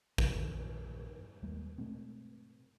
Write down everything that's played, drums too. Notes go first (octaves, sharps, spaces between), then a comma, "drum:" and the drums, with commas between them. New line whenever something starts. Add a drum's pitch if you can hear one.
B1 E2 G#2 F3, drum: kick
A#1 F2 D#3
D#2 G3 G#3 A#3
B2 G#3 A3 C4